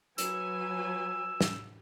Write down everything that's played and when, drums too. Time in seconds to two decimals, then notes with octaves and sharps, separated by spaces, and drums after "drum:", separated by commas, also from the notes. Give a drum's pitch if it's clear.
0.18 F#3 B4 G#5 E6, drum: hi-hat
1.41 drum: snare